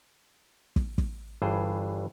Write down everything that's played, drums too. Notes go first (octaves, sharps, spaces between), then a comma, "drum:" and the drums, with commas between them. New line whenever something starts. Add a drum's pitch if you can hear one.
drum: kick
drum: kick
G1 G2 E3 D4 G#4 C5